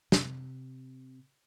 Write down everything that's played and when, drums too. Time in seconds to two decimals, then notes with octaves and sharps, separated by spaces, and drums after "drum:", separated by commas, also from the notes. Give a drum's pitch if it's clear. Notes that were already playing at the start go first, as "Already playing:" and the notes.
0.12 C3, drum: snare